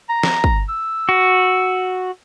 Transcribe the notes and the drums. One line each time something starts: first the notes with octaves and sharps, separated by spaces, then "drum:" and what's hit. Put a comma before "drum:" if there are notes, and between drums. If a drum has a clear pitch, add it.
A#5
drum: snare
drum: kick
E6
F#4